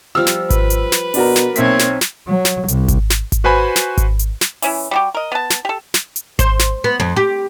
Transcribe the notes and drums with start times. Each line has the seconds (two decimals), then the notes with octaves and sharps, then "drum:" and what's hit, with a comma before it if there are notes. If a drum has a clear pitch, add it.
0.15 F3 G3 E6 F6
0.27 drum: snare
0.50 B4, drum: kick G#1, hi-hat
0.70 drum: hi-hat
0.92 drum: snare
1.14 B2 D4 F#4 A#4, drum: open hi-hat
1.36 drum: snare
1.56 B1 A#3 C4 C#5 E5 B6, drum: hi-hat
1.79 drum: snare
2.01 drum: snare
2.27 F#3
2.45 drum: snare
2.68 C2, drum: hi-hat
2.88 drum: kick G#1, hi-hat
3.10 drum: snare
3.32 drum: kick G#1, hi-hat
3.44 F#4 B4 C5 G#5 B5
3.76 drum: snare
3.98 drum: kick G#1, hi-hat
4.19 drum: hi-hat
4.41 drum: snare
4.62 E3 C#4 E4, drum: open hi-hat
4.91 G3 F#4 G4
5.15 A#4 D#5
5.32 B3 A5
5.50 drum: snare
5.65 G4 A4
5.94 drum: snare
6.16 drum: hi-hat
6.39 C5, drum: kick G#1, hi-hat
6.59 drum: snare
6.84 B3
7.00 F2
7.16 G4